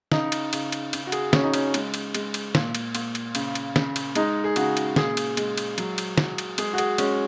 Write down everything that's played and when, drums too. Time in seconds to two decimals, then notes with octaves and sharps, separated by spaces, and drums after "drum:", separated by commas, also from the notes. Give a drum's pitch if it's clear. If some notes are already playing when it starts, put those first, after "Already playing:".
0.12 C#3 D#4, drum: snare
0.32 drum: cymbal
0.53 C#3, drum: cymbal
0.72 drum: cymbal
0.93 C#3, drum: cymbal
1.07 F#4
1.12 G#4, drum: cymbal
1.33 C#3 C#4, drum: snare
1.44 D#4
1.54 C#4, drum: cymbal
1.74 G#3, drum: cymbal
1.94 drum: cymbal
2.14 G#3, drum: cymbal
2.34 drum: cymbal
2.55 A#2, drum: snare
2.75 drum: cymbal
2.95 A#2, drum: cymbal
3.15 drum: cymbal
3.35 C#3, drum: cymbal
3.55 drum: cymbal
3.76 C#3, drum: snare
3.96 drum: cymbal
4.15 G#3 D#4, drum: cymbal
4.44 G#4
4.56 C#3 F#4, drum: cymbal
4.77 drum: cymbal
4.96 A#2 G#4, drum: snare
5.17 drum: cymbal
5.37 G#3, drum: cymbal
5.57 drum: cymbal
5.78 F#3, drum: cymbal
5.98 drum: cymbal
6.18 F#3, drum: snare
6.38 drum: cymbal
6.58 G#3 G#4, drum: cymbal
6.73 F#4
6.78 G#4, drum: cymbal
6.98 G#3 C#4, drum: cymbal